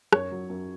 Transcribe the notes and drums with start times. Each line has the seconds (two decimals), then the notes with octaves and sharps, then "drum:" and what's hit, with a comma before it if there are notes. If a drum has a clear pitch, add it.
0.13 F#2 C#5, drum: rim click
0.32 F#3
0.50 F#2